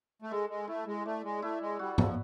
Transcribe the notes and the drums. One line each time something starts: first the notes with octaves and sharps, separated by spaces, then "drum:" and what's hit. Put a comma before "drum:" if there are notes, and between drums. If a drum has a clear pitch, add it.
A3
G#3 A4
G#3
A3 E4
G#3
A3 D5
G#3
A3 E4
G#3
G3 F#4
F3, drum: tom G#2